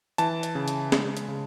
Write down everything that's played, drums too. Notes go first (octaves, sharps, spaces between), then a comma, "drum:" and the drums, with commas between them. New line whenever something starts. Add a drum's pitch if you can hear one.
E3 A5, drum: hi-hat
drum: hi-hat
C#3
drum: hi-hat
G#3, drum: snare
drum: hi-hat
C#3